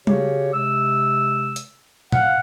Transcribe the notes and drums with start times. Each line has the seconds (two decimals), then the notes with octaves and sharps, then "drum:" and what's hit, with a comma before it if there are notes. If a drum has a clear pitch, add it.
0.07 C#3 F#4 G4 C#5, drum: tom G3
0.54 C3 G#3 E6
1.56 drum: hi-hat
2.12 F5 F#5, drum: tom A#2